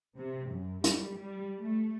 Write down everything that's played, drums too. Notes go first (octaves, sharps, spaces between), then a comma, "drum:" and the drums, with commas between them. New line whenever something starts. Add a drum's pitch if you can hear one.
C3
F#2
G3, drum: hi-hat
G3
A3